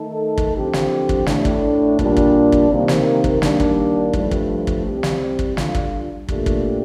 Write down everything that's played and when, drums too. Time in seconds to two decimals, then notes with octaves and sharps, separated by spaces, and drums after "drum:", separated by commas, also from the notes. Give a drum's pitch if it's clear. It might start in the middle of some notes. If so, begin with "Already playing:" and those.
Already playing: D#3 A3 D#4 A4
0.38 drum: kick
0.55 D3 F3 C4 G4
0.73 drum: snare
1.09 drum: kick
1.26 A2 A3 D4, drum: snare
1.45 drum: kick
1.99 A#2 G3 D4, drum: kick
2.17 drum: kick
2.52 drum: kick
2.70 C3 D#3 A#3
2.88 drum: snare
3.24 drum: kick
3.42 D#3 G3 A#3 D4, drum: snare
3.60 drum: kick
4.13 G2 F3 A3, drum: kick
4.31 drum: kick
4.67 drum: kick
4.85 C2 C3 G3 C4 G4
5.03 drum: snare
5.39 drum: kick
5.57 D3 G3 D4 F4, drum: snare
5.75 drum: kick
6.28 A#2 A3 D4 G4, drum: kick
6.46 drum: kick